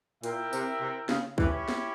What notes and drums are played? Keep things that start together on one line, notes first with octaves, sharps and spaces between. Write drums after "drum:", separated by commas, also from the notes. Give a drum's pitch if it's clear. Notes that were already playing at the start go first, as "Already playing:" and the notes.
A#2 E4 A#4 E5 G5, drum: hi-hat
C3, drum: tambourine
C3
C#3, drum: snare
E3 C#4 E4 G4, drum: kick C2
drum: snare